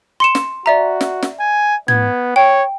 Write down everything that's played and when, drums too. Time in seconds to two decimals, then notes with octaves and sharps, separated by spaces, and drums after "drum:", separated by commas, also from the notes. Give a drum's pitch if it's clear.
0.20 C6 C#7 E7
0.35 drum: snare
0.66 F#4 D5 E5 A#5
1.01 drum: snare
1.23 drum: snare
1.40 G#5
1.88 B3 G#6, drum: tom
2.36 C#5 G5